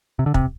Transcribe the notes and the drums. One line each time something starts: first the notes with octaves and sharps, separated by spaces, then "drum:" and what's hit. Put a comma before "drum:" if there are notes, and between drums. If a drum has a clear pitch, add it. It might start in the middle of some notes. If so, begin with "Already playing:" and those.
C3
D3
C3, drum: kick